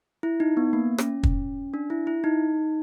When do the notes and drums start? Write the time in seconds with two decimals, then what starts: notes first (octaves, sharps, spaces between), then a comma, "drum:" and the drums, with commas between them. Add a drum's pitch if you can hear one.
0.23 E4
0.40 D#4
0.57 B3
0.73 A#3
0.98 C#4, drum: rim click
1.23 drum: kick
1.74 D4
1.90 E4
2.07 E4
2.24 D#4